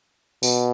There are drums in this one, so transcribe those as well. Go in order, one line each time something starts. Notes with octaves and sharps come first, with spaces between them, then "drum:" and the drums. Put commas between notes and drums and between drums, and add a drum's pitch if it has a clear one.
B2, drum: tambourine